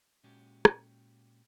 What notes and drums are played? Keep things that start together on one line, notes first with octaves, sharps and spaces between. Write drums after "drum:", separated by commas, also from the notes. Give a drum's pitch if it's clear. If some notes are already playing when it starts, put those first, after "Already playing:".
A#2 G#3 C#4 F#4 G4
drum: rim click